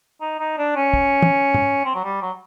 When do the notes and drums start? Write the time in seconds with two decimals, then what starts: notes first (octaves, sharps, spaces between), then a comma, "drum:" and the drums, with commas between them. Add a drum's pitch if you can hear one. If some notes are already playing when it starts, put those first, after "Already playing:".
0.21 D#4
0.40 D#4
0.58 D4
0.76 C#4
0.94 drum: kick
1.22 drum: tom
1.54 drum: tom
1.85 C4
1.95 F#3
2.04 G3
2.22 F#3